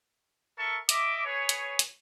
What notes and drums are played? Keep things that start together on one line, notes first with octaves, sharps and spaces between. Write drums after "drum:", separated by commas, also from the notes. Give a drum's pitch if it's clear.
A4 A#4 E5 A5 C#6
D#5 E5 D6, drum: hi-hat
G#4 B4 C#5
drum: hi-hat
drum: hi-hat